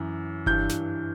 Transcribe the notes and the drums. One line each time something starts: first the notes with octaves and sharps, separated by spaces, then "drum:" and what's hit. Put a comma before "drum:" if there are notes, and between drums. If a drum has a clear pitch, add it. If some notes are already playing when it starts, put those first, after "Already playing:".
Already playing: F#2 E3
G2 E3 G6, drum: kick F#1
drum: snare